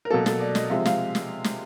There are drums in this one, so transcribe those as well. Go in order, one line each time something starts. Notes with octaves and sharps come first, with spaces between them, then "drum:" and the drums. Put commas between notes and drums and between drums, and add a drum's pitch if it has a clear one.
A#4
B2 F#3 A#3 A4
A4, drum: snare
D5
D#5, drum: snare
C3 F3 G#3 E5
F5, drum: snare
drum: snare
drum: snare